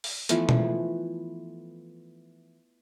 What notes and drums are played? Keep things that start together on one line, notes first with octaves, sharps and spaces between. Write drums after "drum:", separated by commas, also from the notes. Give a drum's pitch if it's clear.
drum: open hi-hat
E3 F3 A3 B3, drum: hi-hat
drum: tom B2